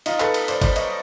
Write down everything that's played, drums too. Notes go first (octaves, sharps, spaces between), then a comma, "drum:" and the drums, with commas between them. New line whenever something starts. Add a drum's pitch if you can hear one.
D#4 F4, drum: cymbal
A4 B4, drum: clap
drum: cymbal
C5 D5, drum: cymbal
C5 D5, drum: kick, cymbal
C#5 D#5, drum: cymbal